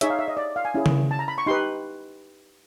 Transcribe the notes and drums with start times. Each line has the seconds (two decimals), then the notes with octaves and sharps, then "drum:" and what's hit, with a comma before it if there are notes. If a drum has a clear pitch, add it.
0.01 D#4 G#4 C#5 E5, drum: hi-hat
0.10 F5
0.19 E5
0.28 D#5
0.37 D5
0.56 F5
0.65 G#5
0.74 C#4 E4 G#4
0.86 drum: tom C#3
1.11 A5
1.19 A#5
1.28 B5
1.38 C#6
1.47 D#4 G4 B4 C6